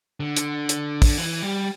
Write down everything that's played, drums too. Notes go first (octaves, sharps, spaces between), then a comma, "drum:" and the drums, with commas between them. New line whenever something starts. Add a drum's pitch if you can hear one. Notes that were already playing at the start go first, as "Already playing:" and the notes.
D3
drum: hi-hat
drum: hi-hat
drum: kick, open hi-hat
E3
G3